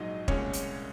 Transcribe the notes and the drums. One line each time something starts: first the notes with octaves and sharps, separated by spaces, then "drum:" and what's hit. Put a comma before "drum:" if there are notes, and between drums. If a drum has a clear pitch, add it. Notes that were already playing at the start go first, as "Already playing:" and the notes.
Already playing: A#1 G#2 F#3 D#4 D#5
C2 A#2 G#3 C#4 C#5, drum: kick
drum: hi-hat